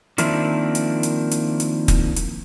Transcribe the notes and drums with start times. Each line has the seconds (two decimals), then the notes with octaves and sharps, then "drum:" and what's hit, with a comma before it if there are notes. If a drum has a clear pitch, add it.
0.18 D#3 F3 A#3 C4 D4 E4, drum: hi-hat
0.75 drum: hi-hat
1.03 drum: hi-hat
1.31 drum: hi-hat
1.60 drum: hi-hat
1.88 drum: kick, hi-hat
2.16 drum: hi-hat